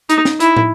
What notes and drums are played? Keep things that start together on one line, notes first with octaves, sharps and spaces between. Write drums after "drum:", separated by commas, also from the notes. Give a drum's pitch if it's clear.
D#4, drum: hi-hat
drum: snare
E4, drum: hi-hat
drum: tom